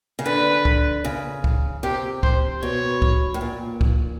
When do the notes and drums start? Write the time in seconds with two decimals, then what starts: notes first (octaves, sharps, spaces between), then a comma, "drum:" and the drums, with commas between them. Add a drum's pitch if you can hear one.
0.19 C#3
0.26 D3 B4
0.65 drum: kick
1.05 C#3
1.44 drum: kick
1.83 C3 G4
2.23 C5, drum: kick
2.63 B2 C#5
3.02 drum: kick
3.34 A2
3.41 A#2
3.81 drum: kick